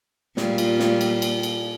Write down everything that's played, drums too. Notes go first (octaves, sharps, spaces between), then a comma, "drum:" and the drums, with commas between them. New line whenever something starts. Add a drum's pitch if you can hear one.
A#2 G3 F4, drum: snare
drum: cymbal
drum: snare
drum: cymbal
drum: cymbal
drum: cymbal